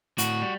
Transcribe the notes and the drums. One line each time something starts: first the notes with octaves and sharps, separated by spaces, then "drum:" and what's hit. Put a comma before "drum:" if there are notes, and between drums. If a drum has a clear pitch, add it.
A2 F#4, drum: hi-hat
G3